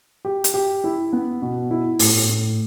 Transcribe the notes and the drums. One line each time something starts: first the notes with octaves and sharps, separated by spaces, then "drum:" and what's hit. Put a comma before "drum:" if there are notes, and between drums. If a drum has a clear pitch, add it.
G4
drum: hi-hat
G4
E4
B3
B2
E4
A2, drum: open hi-hat
A2